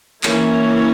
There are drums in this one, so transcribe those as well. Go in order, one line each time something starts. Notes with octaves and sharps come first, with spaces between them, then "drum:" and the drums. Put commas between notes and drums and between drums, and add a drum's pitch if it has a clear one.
E3 A#3 C#4 E4 A#4 C#5, drum: clap